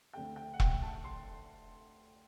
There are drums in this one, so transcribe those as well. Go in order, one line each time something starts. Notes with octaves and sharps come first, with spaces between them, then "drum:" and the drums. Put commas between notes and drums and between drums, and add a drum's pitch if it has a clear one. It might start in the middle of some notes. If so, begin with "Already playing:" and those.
D2 D3 A3 C4 G5
G5
F#5
G5, drum: kick E1
A5
C6